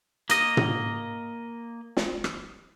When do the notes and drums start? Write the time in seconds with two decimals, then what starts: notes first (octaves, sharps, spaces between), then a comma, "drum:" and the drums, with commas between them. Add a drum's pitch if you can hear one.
0.30 A#3 D#5, drum: hi-hat
0.57 drum: tom
1.97 drum: snare
2.24 drum: rim click